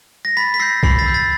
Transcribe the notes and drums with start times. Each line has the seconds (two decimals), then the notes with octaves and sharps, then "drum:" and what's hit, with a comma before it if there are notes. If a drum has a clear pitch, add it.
0.25 A#6
0.37 B5 A6 B6
0.54 B6
0.60 E6 G6 A#6 C7
0.83 B5 A#6 C7, drum: kick
0.99 A6 B6
1.06 E6 G6
1.14 A6 B6